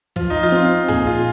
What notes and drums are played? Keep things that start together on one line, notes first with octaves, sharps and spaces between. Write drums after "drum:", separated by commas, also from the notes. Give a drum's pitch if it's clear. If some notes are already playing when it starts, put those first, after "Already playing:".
F3 F4, drum: kick, open hi-hat
D#4
F4, drum: hi-hat
C4
drum: hi-hat
A#2 G#4, drum: kick, hi-hat
F4